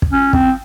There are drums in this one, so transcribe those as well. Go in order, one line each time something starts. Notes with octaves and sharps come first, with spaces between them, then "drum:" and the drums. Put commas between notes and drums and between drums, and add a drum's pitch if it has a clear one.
drum: kick
C#4
C4, drum: kick